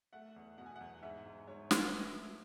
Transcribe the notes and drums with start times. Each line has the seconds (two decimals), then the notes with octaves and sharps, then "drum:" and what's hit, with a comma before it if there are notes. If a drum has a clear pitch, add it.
0.13 A3 F#5
0.36 E2
0.58 B2 F#5
0.66 G#5
0.76 E2 F#5
1.02 G#2 E5
1.26 G#2
1.47 G#2 C#5
1.71 B3, drum: snare
1.93 A3
2.15 A3